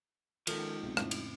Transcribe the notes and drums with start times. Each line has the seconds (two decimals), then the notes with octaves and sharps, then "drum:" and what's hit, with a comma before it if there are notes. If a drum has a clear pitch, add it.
0.47 G#2 D#3 F3 A4, drum: cymbal
0.83 B1 C3
0.97 F2 A2 C#3, drum: rim click
1.11 drum: cymbal